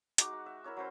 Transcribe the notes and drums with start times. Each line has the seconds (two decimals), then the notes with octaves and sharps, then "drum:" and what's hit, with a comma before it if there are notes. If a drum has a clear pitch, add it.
0.18 G#3 D#4 F#4 D6, drum: hi-hat
0.33 F#5
0.46 E5
0.64 E4 A#4 C#5 E6
0.77 F#3 C#4 B4 C5